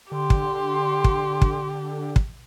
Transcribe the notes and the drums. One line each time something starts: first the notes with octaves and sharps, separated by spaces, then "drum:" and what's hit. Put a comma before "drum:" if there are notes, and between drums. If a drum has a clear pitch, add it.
D3 G4 C6
drum: kick
drum: kick
drum: kick
drum: kick